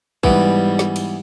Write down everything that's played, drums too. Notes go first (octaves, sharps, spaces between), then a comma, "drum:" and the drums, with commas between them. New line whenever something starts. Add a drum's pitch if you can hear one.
G#2 E3 G3 B3, drum: kick
drum: snare
drum: cymbal